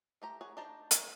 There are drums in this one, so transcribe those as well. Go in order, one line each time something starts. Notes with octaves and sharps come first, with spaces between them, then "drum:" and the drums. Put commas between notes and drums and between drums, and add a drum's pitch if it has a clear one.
A3 G4 A#5
G#4 C#5 F#5
D4 D#4 C5 A5 A#5
D#3 C#4, drum: hi-hat